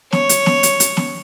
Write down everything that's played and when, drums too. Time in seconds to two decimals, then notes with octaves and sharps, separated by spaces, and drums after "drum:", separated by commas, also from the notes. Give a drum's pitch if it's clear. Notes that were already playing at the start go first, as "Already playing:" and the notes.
0.12 C#5, drum: snare
0.29 drum: hi-hat
0.46 drum: snare
0.63 drum: hi-hat
0.80 drum: hi-hat
0.97 drum: snare